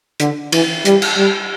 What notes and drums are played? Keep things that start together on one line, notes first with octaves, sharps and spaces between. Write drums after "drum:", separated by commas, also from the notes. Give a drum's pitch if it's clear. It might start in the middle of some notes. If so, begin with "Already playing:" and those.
D3, drum: hi-hat
E3, drum: cymbal
G3, drum: hi-hat
drum: cymbal
G3